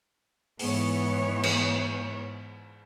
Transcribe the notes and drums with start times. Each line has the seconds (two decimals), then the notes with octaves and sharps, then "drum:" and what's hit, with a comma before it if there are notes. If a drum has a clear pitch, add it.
0.59 G#2 E3 B3 C#5, drum: open hi-hat
1.43 drum: cymbal